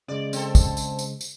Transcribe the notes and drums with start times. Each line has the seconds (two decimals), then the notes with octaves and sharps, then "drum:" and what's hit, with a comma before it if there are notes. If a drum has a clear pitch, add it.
0.08 C#3 G#3 D5
0.33 C4 A4, drum: tambourine
0.55 drum: kick, tambourine
0.77 drum: tambourine
0.99 drum: tambourine
1.21 drum: tambourine